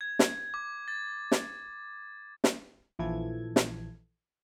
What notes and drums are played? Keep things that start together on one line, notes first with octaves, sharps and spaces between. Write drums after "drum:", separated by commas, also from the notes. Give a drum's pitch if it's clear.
G#6
drum: snare
D6
A6
drum: snare
drum: snare
A#1 E3 F3 A4 G#6
drum: snare